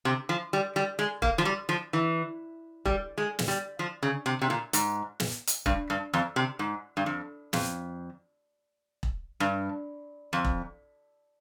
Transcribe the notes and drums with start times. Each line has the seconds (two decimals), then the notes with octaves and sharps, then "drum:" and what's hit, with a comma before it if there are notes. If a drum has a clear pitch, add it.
0.05 C3
0.29 F3
0.53 G3
0.76 G3
0.99 G#3
1.22 A#3, drum: kick E1
1.38 F3
1.45 G3
1.69 F3
1.93 E3
2.85 G3, drum: kick E1
3.18 G#3
3.39 drum: snare
3.48 G3
3.79 F3
4.03 C#3
4.26 C3
4.42 C3
4.50 A#2
4.73 G#2, drum: hi-hat
5.20 drum: snare
5.47 drum: hi-hat
5.66 G2, drum: kick E1
5.90 G2
6.14 F2
6.36 C3
6.59 G#2
6.97 G2
7.06 F2
7.53 F2, drum: snare
9.03 drum: kick E1
9.40 G2
10.33 F2
10.45 drum: kick E1